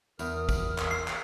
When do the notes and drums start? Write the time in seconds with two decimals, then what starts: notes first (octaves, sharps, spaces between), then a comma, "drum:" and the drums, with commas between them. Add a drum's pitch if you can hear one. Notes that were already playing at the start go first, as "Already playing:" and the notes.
0.19 E2 A#4 D#6 F6, drum: tambourine
0.49 drum: kick, tambourine
0.78 drum: clap
0.91 C7
1.08 drum: clap